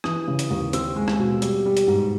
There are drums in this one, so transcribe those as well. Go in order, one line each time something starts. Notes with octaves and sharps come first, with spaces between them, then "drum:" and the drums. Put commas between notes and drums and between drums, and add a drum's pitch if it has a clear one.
E3 D#6, drum: rim click
C#3
drum: hi-hat
D#2
C4 E6, drum: hi-hat
G#3
drum: rim click
B2
G3, drum: hi-hat
G3
drum: hi-hat
G#2